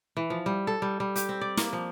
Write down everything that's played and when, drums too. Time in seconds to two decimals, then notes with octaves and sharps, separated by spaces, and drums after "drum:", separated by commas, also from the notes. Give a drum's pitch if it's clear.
0.17 E3
0.30 F3
0.46 G3
0.67 A4
0.82 G3
1.00 G3
1.16 G4, drum: hi-hat
1.29 C4
1.41 D5
1.57 A#3, drum: snare
1.73 F3